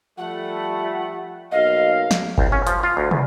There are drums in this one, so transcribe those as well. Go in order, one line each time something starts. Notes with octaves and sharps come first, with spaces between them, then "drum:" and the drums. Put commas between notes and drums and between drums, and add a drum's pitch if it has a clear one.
F3 G3 A3 F#5
B1 A#3 D#5 F5
drum: snare
C2, drum: kick G1
C#4
F3, drum: hi-hat
F4
D2
E2, drum: tom